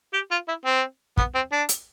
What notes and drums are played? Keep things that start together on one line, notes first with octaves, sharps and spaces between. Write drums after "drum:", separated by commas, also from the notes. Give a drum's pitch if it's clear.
G4
F4
E4
C4
B3, drum: kick
C4
D4
drum: hi-hat